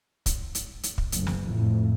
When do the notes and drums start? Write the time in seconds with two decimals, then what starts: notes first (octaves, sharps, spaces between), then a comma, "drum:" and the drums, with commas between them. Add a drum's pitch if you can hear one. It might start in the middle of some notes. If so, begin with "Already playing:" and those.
0.26 drum: kick, hi-hat
0.55 drum: hi-hat
0.83 drum: hi-hat
0.98 drum: kick
1.12 F#1, drum: hi-hat
1.27 drum: snare
1.49 F2 A2